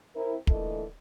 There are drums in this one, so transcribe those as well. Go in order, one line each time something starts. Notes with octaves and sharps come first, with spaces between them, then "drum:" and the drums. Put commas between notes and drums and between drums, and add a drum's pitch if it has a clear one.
C4 E4 A#4
A#2 D3 E3 A3 A4 D#5, drum: kick